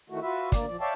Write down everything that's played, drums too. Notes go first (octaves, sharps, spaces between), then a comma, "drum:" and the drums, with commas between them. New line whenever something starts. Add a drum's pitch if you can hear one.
D#3 E3 A3 F#4
F4 F#4 B4 E5
D2 A#3 D5, drum: kick, hi-hat
F3 D5
C#5 D5 E5 F5 G5 A5